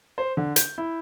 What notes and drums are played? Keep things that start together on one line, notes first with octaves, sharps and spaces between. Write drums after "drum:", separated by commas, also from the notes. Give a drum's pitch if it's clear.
C5
D3
G6, drum: hi-hat
E4